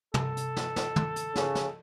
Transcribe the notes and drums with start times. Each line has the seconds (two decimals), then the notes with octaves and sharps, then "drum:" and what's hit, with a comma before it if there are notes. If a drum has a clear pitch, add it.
0.14 A4, drum: tom
0.37 drum: hi-hat
0.56 drum: snare
0.76 drum: snare
0.96 drum: tom
1.16 drum: hi-hat
1.36 C#3, drum: snare
1.55 drum: snare